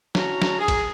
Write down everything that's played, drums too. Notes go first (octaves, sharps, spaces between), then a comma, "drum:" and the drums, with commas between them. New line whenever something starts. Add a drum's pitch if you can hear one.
C#4 F#4 A5 A#5, drum: snare
drum: snare
G#4
drum: kick G#1, cymbal